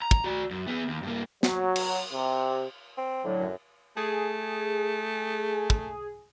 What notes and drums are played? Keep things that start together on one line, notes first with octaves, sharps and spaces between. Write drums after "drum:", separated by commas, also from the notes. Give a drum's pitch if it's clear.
A#5
drum: kick
F#4 D5
F#2
B3 G#4
D#2
G2 A#3
F#3, drum: snare
drum: cymbal
C3
C4
A2 D3 F#3
F#2
A3 G#4
drum: kick